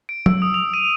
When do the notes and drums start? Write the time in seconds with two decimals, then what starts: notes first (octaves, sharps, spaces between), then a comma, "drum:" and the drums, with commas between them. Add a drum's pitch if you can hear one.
0.09 D7
0.26 E6, drum: tom F#3
0.42 D#6
0.54 F7
0.74 D#7